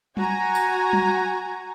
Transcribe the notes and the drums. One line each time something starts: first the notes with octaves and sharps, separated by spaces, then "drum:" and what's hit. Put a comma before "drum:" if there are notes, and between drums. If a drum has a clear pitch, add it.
F#4 G#5 A#5, drum: tom F#3
drum: tambourine
drum: tom F#3